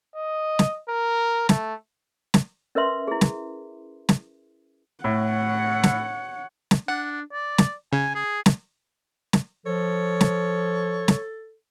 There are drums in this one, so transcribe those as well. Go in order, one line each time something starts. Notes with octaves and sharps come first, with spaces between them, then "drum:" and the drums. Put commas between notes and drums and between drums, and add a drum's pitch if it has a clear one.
D#5
drum: snare
A#4
A3, drum: snare
drum: snare
C#4 A#4 B4 E5 C6
E4 G#4
drum: snare
drum: snare
A2 C#5 F#5
drum: snare
drum: snare
D4 F#5
D5
drum: snare
C#3 G#5
G#4
drum: snare
drum: snare
F3 A4 C#5
drum: snare
drum: snare